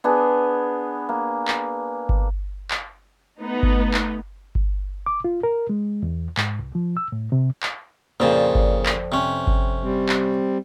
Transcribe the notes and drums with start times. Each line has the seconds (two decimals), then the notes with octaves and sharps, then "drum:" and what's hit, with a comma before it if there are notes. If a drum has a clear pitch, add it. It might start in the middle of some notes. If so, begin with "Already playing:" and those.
0.04 B3 D4 G#4
1.09 A#3
1.48 drum: clap
2.09 drum: kick G1
2.71 drum: clap
3.39 A3 B3 D#4
3.63 drum: kick G1
3.94 drum: clap
4.55 drum: kick G1
5.06 D6
5.24 F4
5.43 A#4
5.69 G#3
6.03 E2
6.37 G#2, drum: clap
6.59 C2
6.75 F3
6.97 E6
7.12 A2
7.32 C3
7.63 drum: clap
8.20 F2 A#2 C#3 C5 D5
8.55 drum: kick G1
8.86 drum: clap
9.12 C3 C#4
9.47 drum: kick G1
9.83 G3 C4
10.09 drum: clap